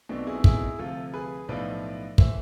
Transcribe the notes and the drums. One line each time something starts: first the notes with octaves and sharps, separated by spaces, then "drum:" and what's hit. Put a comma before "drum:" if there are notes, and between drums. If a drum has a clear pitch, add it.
B1 B2 A3 C4 D4
E4 G#4
E4 G#4, drum: kick
D2 C3 F3 F4 A4
G#4 B4
B1 A2 F3 B3 B4 D5
E3 A3 C5 E5, drum: kick